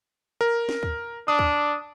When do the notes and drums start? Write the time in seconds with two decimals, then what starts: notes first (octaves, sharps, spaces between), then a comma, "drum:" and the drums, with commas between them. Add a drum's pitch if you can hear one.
0.41 A#4
0.69 drum: snare
0.83 drum: kick D2
1.28 D4 D#6
1.39 drum: kick D2